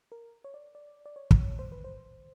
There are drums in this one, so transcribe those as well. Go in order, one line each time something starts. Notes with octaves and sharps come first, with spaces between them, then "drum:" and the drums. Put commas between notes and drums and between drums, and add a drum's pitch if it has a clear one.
A#4
C#5
D5
D5
D5
C#5
drum: kick
C5
B4
C5